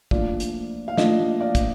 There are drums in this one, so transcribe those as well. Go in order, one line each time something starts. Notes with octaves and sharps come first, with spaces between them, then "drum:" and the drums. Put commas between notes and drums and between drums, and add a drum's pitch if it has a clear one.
A#2 F3 A3 D4 D5 F5, drum: kick
drum: hi-hat
F5
A#2 F3 A3 D4 D#5, drum: snare
D5 F5
drum: kick, hi-hat